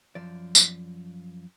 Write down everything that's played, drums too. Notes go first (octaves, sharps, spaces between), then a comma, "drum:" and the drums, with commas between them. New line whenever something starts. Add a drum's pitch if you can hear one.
F#2 F3 D5
drum: tambourine